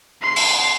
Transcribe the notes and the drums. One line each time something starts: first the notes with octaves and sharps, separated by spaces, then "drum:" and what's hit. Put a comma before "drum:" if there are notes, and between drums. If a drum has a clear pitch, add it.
C6
drum: open hi-hat